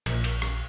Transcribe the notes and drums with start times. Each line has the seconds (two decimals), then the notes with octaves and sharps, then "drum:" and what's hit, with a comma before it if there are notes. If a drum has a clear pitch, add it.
0.06 A#1, drum: cymbal
0.24 drum: cymbal
0.42 drum: rim click